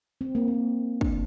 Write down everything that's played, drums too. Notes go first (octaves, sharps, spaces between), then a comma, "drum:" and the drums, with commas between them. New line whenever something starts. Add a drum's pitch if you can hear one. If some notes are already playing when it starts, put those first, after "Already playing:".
C4
A#3
C4
D4, drum: kick